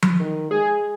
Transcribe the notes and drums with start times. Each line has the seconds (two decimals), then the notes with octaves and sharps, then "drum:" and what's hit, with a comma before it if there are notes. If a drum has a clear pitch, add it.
0.02 drum: tom F3
0.20 D#3
0.51 G#3 G#4